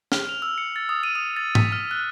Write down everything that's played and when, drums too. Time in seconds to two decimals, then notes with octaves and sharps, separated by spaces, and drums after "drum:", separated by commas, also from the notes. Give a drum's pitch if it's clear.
0.12 F6, drum: snare
0.29 F7
0.42 E6
0.58 C#7
0.76 A6
0.89 D#6
1.03 D#7
1.15 D#6
1.36 A6
1.55 B6, drum: tom G#2
1.72 F6
1.91 F#6